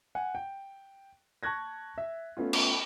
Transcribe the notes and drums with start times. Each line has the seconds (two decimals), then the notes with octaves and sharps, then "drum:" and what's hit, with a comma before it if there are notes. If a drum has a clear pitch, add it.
0.15 F#5 G#5
0.35 G5
1.43 A5 C#6 F#6 G#6 A#6
1.98 E5
2.37 A3 B3 C#4 F4
2.53 drum: cymbal